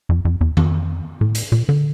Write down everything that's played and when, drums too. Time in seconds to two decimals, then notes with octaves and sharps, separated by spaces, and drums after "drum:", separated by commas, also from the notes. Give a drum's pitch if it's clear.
0.09 F2
0.25 F2
0.41 E2
0.57 F2, drum: tom D#3
1.21 A2
1.35 drum: hi-hat
1.52 A#2
1.69 D3